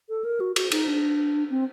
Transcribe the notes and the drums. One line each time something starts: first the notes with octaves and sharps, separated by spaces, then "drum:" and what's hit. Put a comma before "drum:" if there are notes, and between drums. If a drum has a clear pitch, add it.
A4
A#4
F#4
F#4, drum: cymbal
D#4, drum: cymbal
D4
C4